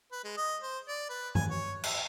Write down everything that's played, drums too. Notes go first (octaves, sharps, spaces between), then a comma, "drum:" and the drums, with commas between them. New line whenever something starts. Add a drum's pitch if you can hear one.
B4
G#3
D#5
C5
D5
B4
G#5, drum: tom G2
C#5
E5, drum: cymbal